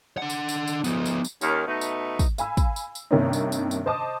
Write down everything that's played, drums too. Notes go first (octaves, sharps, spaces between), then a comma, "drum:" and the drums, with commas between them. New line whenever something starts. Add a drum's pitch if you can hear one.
D4 F#5
drum: tambourine
drum: tambourine
drum: tambourine
F3 B3, drum: tambourine
drum: tambourine
drum: tambourine
D#2 D#3 C#4 F5, drum: tambourine
B2 A3 D#4
drum: tambourine
drum: kick, tambourine
F5 G#5 B5 E6, drum: tambourine
drum: kick, tambourine
drum: tambourine
drum: tambourine
G2 C3 D#3 A#3 C#4 D#4
drum: tambourine
drum: tambourine
drum: tambourine
C5 D#5 A5 D6 D#6